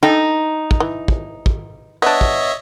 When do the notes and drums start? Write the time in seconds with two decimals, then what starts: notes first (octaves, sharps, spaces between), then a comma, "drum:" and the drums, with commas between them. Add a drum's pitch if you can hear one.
0.03 D#4 A4 G5
0.71 drum: kick
0.80 E3
1.08 drum: kick
1.46 drum: kick
2.02 B3 D4 C#5 D#5 E5
2.21 drum: kick